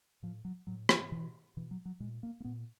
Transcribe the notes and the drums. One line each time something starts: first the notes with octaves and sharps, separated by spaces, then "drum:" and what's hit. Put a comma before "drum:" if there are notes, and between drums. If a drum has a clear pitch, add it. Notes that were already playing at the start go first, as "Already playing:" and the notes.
A2 F3
F#3
A2 F#3
F3, drum: rim click
B2 E3
B2 E3
F#3
F#3
A#2 G#3
A#3
A#3
A#2 B3